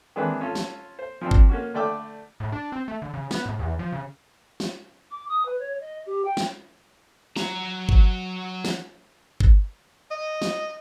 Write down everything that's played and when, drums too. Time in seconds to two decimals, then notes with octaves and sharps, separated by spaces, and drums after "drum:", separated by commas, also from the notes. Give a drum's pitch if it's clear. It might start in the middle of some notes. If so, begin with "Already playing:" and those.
0.16 D#3 E3 G#3 C4 D4 B4
0.41 C#4 F4 A4
0.55 drum: snare
0.99 C5
1.21 F3 C4 D4
1.31 drum: kick G1
1.49 A#3 C#4 F#4
1.74 D3 A3 D5 G5 D6 E6
2.40 A2
2.52 D4
2.72 C4
2.88 A3
3.02 D3
3.14 C#3
3.31 B3, drum: snare
3.46 A2
3.59 E2
3.79 F3
3.92 C#3
4.60 drum: snare
5.11 D6
5.28 D#6
5.45 B4
5.59 C#5
5.80 D#5
6.06 G4
6.24 G5
6.37 drum: snare
7.36 F#3 A#5, drum: snare
7.89 drum: kick G1
8.65 drum: snare
9.40 drum: kick G1
10.11 D#5
10.42 drum: snare